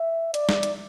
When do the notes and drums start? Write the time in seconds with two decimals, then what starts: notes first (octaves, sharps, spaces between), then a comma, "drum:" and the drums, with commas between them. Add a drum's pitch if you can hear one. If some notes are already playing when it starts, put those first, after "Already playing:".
Already playing: E5
0.34 D5, drum: hi-hat
0.49 drum: snare
0.63 drum: hi-hat